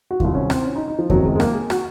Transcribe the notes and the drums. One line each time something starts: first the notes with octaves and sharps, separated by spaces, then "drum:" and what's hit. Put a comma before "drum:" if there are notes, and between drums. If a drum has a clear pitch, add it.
F#4
C2 C3 D#3 F4, drum: kick D#2
C#4
C4, drum: rim click
C#4
D#4
D#4
F3
F#1 F2 C3 D#3 F#3, drum: kick D#2
G#3
G#3
A#3, drum: rim click
G#4
F#4, drum: rim click